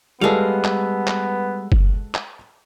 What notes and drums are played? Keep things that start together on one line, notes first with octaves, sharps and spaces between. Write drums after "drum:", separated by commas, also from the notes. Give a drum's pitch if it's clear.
G3 G#3 B3 F#4 A4 B4 F5
drum: clap
drum: clap
drum: kick F#1
drum: clap